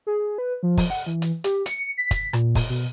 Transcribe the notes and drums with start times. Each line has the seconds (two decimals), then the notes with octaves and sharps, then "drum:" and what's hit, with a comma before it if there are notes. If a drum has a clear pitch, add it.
0.07 G#4
0.38 B4
0.63 F3
0.77 drum: kick, open hi-hat
0.90 F#5
1.06 E3
1.22 drum: hi-hat
1.44 G4, drum: hi-hat
1.66 C#7, drum: hi-hat
1.98 B6
2.11 drum: kick, hi-hat
2.33 A#2, drum: rim click
2.55 drum: kick, open hi-hat
2.69 B2